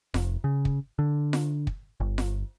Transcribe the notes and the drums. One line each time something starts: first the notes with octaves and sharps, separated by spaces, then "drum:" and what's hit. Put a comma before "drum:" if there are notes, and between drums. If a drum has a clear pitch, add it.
F1, drum: snare F4
C#3
drum: kick
D3
drum: snare F4
drum: kick
G1
drum: snare F4